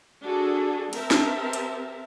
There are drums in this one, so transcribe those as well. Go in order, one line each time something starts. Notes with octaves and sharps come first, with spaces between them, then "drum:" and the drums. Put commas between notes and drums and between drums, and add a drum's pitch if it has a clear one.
D4 F#4 G#4 A4
C4 G4 A#4 E5 A5, drum: cymbal
drum: snare
drum: hi-hat